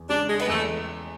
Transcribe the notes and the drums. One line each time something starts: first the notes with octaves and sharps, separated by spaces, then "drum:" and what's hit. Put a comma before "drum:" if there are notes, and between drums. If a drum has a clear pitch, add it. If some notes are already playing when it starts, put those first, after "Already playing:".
Already playing: E2
C#3 G#3 D4
G#3
B3, drum: cymbal
E2 A3